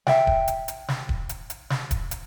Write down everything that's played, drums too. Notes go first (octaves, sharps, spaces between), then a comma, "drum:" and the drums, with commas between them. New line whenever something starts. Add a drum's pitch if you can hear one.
E5 G5, drum: snare
drum: kick D#1
drum: hi-hat
drum: hi-hat
drum: snare
drum: kick D#1
drum: hi-hat
drum: hi-hat
drum: snare
drum: kick D#1, hi-hat
drum: hi-hat